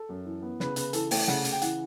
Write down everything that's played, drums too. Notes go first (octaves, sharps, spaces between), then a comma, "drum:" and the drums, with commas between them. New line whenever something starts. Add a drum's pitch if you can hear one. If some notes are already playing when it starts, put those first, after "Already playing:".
Already playing: A4
F#2
E3
B3
C#3 B4, drum: snare
C#3 B4, drum: hi-hat
E3 A4, drum: hi-hat
A3 G5, drum: open hi-hat
C#3 F#5, drum: snare
C#3, drum: hi-hat
G5
E3 F#5, drum: hi-hat